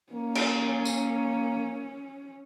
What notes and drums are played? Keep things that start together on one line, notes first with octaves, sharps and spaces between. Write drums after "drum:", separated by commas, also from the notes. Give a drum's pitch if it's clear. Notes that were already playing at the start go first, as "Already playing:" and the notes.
A#3 C#4
drum: cymbal
drum: tambourine